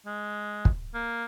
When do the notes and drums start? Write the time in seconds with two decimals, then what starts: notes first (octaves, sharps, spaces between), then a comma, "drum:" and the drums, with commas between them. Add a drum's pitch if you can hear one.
0.06 G#3
0.65 drum: kick
0.94 A#3